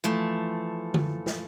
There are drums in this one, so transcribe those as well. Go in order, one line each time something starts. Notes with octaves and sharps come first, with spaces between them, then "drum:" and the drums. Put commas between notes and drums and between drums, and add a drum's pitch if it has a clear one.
E3 F3 A3
drum: tom D3
drum: snare